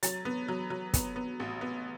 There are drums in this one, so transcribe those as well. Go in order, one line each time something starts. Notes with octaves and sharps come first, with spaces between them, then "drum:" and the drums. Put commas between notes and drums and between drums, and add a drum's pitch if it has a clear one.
F#3 A6, drum: hi-hat
B3
F#3
F#3
B3, drum: kick, hi-hat
B3
A1
B3